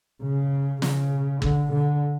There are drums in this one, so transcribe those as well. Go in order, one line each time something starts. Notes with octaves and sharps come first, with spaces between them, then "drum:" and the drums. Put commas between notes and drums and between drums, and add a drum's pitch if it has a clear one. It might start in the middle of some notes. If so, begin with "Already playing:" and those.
C#3
C#3, drum: snare
D3, drum: kick
D3